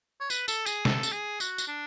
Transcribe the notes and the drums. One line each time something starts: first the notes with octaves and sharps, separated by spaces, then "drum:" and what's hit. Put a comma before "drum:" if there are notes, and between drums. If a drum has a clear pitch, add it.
C#5
B4, drum: tambourine
A4, drum: tambourine
G#4, drum: tambourine
A4, drum: snare
drum: tambourine
G#4
F#4, drum: tambourine
drum: tambourine
D4